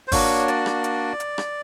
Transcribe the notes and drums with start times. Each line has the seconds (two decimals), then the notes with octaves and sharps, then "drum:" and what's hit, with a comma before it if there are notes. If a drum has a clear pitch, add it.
0.08 C5
0.12 A#3 D4 F#4 C#5, drum: kick G1, open hi-hat
0.48 D5, drum: hi-hat
0.66 drum: rim click
0.84 drum: hi-hat
1.20 drum: hi-hat
1.38 drum: rim click